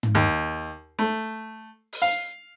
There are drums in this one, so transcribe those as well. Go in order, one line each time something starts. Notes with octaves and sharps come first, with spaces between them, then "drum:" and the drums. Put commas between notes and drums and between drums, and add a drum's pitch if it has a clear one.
drum: tom
D#2
A3
drum: open hi-hat
F5